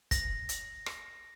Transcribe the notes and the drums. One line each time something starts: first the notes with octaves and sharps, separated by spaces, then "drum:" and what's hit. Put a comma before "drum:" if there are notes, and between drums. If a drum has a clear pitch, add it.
A#6, drum: kick, hi-hat
drum: hi-hat
drum: rim click